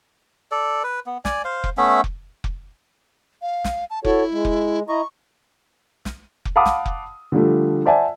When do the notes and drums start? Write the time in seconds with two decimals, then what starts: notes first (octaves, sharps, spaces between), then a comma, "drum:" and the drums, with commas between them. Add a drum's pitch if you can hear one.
0.51 A4 D5
0.84 B4
1.06 B3
1.25 D5 G#5, drum: snare
1.45 C5 F5
1.64 drum: kick F1
1.77 A3 B3 C#4 E5
2.04 drum: kick F1
2.44 drum: kick F1
3.42 F5
3.64 drum: snare
3.90 A5
4.05 E4 F#4 A4 C#5, drum: kick F1
4.32 G#3
4.45 drum: kick F1
4.88 E4 D#5 A#5 C#6
6.05 drum: snare
6.45 drum: kick F1
6.56 F5 F#5 A5 B5 D6 D#6
6.66 drum: snare
6.86 drum: kick F1
7.32 D3 F3 G3 A3
7.86 C5 D5 E5 F#5 G#5 A5